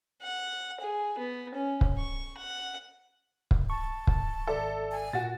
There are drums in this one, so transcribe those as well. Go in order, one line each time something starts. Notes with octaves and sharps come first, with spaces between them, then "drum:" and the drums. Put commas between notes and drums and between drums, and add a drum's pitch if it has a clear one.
F#5
G#4
B3
C#4
drum: kick
C#6
F#5
drum: kick
A5 C#6
drum: kick
G#1 A4 D5 E5
G#5
A#2 F#4 A6